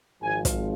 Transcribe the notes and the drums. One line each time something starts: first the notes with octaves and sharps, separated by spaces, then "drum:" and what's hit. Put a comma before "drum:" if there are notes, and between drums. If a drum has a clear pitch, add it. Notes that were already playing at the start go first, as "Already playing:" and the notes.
G#1 G#2 F3 C4 G#5
drum: kick, hi-hat